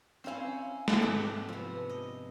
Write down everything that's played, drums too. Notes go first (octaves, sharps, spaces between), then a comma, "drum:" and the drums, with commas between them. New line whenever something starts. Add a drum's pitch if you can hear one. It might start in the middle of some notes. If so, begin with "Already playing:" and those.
C4 C#4 E4 C5 F5
A3 C4 D4, drum: snare
G#2 D4 G4
C3 F3 B3
D#5